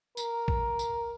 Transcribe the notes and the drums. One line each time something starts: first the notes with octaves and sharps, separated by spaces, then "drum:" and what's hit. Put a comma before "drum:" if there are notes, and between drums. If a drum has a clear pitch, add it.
A#4, drum: tambourine
drum: kick
drum: tambourine